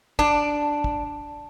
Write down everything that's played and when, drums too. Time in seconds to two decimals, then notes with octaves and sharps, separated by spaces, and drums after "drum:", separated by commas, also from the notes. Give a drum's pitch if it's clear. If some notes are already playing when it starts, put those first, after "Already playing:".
0.19 D4, drum: kick
0.84 drum: kick